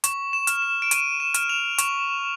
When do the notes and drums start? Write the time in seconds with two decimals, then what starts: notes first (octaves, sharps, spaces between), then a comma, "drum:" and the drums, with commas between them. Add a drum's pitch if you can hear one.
0.04 C#6, drum: hi-hat
0.33 E7
0.47 F6, drum: hi-hat
0.62 E7
0.82 D7
0.91 C#6 D#7, drum: hi-hat
1.20 E7
1.34 F6, drum: hi-hat
1.49 F7
1.78 C#6, drum: hi-hat